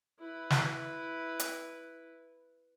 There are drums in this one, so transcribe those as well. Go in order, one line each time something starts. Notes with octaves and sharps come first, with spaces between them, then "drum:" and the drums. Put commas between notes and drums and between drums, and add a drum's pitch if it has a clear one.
E4 B4
drum: snare
drum: hi-hat